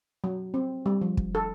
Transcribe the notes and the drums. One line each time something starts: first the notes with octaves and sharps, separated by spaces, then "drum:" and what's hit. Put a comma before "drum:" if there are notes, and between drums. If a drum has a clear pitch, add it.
F#3
C4
G3
F3
drum: kick
A4